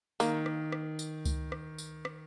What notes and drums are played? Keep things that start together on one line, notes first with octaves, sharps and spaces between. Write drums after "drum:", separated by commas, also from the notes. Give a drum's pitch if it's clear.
D#3 A#3, drum: tambourine
drum: rim click
drum: rim click
drum: tambourine
drum: kick C#2, tambourine
drum: rim click
drum: tambourine
drum: rim click